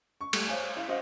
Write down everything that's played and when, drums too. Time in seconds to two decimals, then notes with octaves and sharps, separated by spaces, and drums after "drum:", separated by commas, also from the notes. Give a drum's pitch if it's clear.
0.21 C#6
0.33 G3 A3, drum: cymbal
0.48 C5 C#5 F5 G#5
0.77 E4 F5
0.88 F#4 C5 D#5 F5 F#5